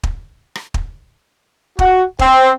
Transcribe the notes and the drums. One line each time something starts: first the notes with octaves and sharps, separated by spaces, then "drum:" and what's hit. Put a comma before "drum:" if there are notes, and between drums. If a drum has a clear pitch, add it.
drum: kick
drum: rim click
drum: kick
F#4, drum: kick
C4, drum: kick